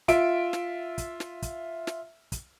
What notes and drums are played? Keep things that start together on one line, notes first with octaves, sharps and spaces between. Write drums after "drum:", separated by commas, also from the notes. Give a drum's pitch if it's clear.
F4 E5 D7, drum: kick, hi-hat
drum: snare
drum: kick, hi-hat
drum: snare
drum: kick, hi-hat
drum: snare
drum: kick, hi-hat